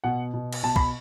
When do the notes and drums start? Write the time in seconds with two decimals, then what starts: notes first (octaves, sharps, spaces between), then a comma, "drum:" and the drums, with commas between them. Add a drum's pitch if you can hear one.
0.04 B2 F#5
0.34 B2
0.53 drum: cymbal
0.63 B2 A5
0.76 B5, drum: kick